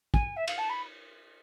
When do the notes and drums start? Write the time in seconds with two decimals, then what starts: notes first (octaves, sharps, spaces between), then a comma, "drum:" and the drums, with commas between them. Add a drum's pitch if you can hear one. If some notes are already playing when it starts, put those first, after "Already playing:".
0.14 G#5, drum: kick
0.37 E5
0.48 F5, drum: cymbal
0.58 A5
0.70 B5